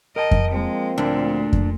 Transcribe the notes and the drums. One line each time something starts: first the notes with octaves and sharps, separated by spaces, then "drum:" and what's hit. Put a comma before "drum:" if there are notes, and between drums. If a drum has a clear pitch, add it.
A#4 D#5 G5 A5
drum: kick F2
F3 G#3 A#3 C4
D2 A#2 D4
drum: kick F2